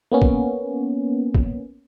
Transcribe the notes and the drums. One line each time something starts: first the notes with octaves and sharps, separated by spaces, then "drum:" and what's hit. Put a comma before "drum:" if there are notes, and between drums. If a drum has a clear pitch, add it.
A#3 B3 C#4
drum: kick
drum: kick